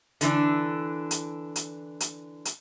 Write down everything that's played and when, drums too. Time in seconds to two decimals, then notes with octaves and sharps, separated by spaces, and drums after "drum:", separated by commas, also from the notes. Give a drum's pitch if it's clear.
0.21 D3 E3 D4, drum: hi-hat
1.11 drum: hi-hat
1.56 drum: hi-hat
2.00 drum: hi-hat
2.45 drum: hi-hat